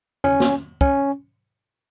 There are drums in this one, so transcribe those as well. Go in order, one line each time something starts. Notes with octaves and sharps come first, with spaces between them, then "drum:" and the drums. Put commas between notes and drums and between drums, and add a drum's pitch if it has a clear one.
C#4, drum: tom E2
drum: snare
C#4, drum: kick